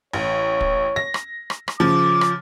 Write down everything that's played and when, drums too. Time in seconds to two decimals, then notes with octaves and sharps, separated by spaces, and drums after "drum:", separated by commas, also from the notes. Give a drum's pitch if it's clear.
0.13 A1 C#5
0.61 drum: kick
0.96 A#6
1.14 drum: rim click
1.50 drum: rim click
1.68 drum: rim click
1.80 C#3 F3 D6
2.21 drum: rim click